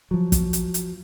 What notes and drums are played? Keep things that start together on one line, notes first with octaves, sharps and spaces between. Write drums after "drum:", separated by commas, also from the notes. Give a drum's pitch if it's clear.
F3 F#3
drum: kick, hi-hat
drum: hi-hat
drum: hi-hat